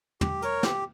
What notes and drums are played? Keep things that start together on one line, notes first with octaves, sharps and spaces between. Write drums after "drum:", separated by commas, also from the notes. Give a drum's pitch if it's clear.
G4, drum: tom
A#4 C#5, drum: hi-hat
G4, drum: snare